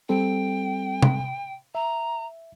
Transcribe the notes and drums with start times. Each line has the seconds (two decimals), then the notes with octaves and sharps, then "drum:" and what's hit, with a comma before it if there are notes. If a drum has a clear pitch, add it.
0.09 G3 C4 A4 G5
1.02 drum: tom C3
1.75 E5 A#5